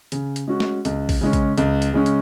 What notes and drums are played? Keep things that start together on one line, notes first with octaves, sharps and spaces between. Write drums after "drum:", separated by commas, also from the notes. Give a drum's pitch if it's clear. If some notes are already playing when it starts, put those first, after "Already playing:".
C#3, drum: hi-hat
drum: hi-hat
G#3 C#4 F#4
drum: snare A3
C#2, drum: hi-hat
drum: kick, open hi-hat
C#3 G#3 C#4
drum: kick, hi-hat
C#2, drum: hi-hat
drum: hi-hat
C#3 G#3 C#4
drum: hi-hat